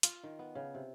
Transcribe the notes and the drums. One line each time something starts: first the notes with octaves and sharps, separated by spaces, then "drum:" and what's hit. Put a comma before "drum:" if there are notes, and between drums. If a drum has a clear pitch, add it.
F4, drum: hi-hat
D#3
B3
C#3
C3